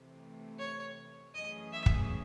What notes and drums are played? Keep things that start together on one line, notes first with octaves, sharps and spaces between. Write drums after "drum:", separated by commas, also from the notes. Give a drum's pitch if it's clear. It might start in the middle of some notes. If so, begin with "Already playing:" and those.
Already playing: C3 E3 A3
C#5
F#2 E3 A3 C#4 G#4 D#5
E5
drum: kick